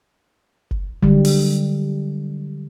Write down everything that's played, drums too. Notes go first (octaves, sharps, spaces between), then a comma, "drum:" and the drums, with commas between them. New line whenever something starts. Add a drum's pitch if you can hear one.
drum: kick F#1
D3 F#3 G3, drum: kick F#1
drum: open hi-hat